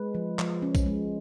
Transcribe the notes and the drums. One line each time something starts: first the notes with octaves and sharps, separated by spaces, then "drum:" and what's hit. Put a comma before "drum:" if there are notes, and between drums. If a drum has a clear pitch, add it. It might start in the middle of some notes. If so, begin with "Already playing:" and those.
Already playing: G#3 B4
F3
F3, drum: clap
C#4
drum: kick A#1, tambourine
G#3